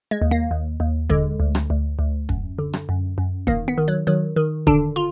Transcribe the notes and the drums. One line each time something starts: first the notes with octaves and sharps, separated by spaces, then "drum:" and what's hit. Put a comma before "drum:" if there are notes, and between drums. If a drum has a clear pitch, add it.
G#3
D#2
A#3
D#2
D#2
D3 G#3, drum: kick
D2
drum: rim click
D2
D2
F#2, drum: kick
D3
drum: rim click
F#2
F#2
D#3 A#3, drum: kick
B3
D#3
F#3
D#3 F#3
D#3
D3 D4, drum: kick
F4